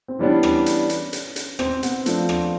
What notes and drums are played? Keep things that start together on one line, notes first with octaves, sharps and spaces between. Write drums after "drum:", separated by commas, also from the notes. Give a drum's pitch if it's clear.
C4
E3 G3 B3 C#4 D4
drum: rim click
drum: hi-hat
drum: hi-hat
drum: hi-hat
drum: hi-hat
C4, drum: rim click
B3, drum: hi-hat
F3 A3 D4 F4, drum: hi-hat
drum: rim click